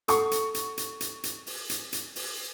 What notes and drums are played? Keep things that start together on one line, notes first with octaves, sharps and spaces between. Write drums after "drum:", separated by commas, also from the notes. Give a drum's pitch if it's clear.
A4 F#5 A5 C#6, drum: hi-hat
drum: hi-hat
drum: hi-hat
drum: hi-hat
drum: hi-hat
drum: hi-hat
drum: open hi-hat
drum: hi-hat
drum: hi-hat
drum: open hi-hat